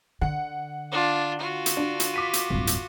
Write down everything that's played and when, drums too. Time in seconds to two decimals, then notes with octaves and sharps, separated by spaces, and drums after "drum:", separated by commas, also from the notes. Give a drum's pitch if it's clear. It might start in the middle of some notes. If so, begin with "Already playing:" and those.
0.21 D3 F#5
0.92 D4 F4
1.39 F4 F#4
1.66 drum: hi-hat
1.77 D4
2.00 drum: hi-hat
2.14 D6 B6 D#7
2.33 drum: hi-hat
2.50 D1 G2
2.67 drum: hi-hat